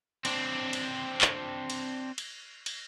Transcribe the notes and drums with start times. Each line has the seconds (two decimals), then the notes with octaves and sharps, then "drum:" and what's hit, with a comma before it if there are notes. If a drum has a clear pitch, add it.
0.25 C4 D4, drum: cymbal
0.73 drum: cymbal
1.21 drum: clap
1.70 drum: cymbal
2.18 drum: cymbal
2.66 drum: cymbal